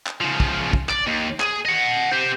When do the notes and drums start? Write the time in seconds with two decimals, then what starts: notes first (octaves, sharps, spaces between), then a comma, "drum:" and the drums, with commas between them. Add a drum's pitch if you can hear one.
0.07 drum: clap
0.21 C#3 F3
0.40 drum: kick
0.73 drum: kick
0.89 D5, drum: clap
1.07 D#2
1.40 G#4, drum: clap
1.65 D#5 F#5
2.12 G4 C5